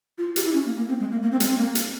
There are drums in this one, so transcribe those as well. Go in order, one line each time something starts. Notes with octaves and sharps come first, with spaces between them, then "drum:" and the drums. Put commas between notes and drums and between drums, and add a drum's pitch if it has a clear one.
F4
G4, drum: hi-hat
E4
C#4
A#3
A#3
C4
G#3
A#3
A#3
C4
G#3, drum: hi-hat
C4
A#3
drum: hi-hat